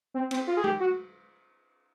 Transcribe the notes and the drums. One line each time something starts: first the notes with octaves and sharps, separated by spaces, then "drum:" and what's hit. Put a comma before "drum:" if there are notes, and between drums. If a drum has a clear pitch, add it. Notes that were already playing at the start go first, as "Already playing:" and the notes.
C4
C4, drum: cymbal
F4
G#4
G4, drum: tom G#3
F#4